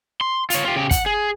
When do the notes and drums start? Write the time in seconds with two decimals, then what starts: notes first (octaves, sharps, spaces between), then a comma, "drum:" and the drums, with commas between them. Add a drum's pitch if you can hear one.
0.21 C6
0.50 F4 C#5, drum: hi-hat
0.65 F4 G4
0.76 C#3 G4
0.91 F#5, drum: kick, hi-hat
1.06 G#4